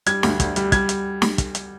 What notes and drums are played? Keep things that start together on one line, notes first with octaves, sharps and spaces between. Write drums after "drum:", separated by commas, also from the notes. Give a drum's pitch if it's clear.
G3 G#6, drum: hi-hat
D2, drum: snare
D2, drum: kick, hi-hat
G3, drum: hi-hat
G3 G#6, drum: kick, hi-hat
drum: hi-hat
drum: snare
drum: kick, hi-hat
drum: hi-hat